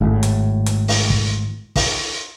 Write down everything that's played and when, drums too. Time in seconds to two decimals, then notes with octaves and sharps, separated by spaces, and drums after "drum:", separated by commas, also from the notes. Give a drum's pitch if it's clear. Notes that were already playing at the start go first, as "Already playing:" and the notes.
0.01 G#1 A2
0.23 drum: hi-hat
0.66 drum: hi-hat
0.88 drum: open hi-hat
1.10 drum: kick
1.76 drum: kick, open hi-hat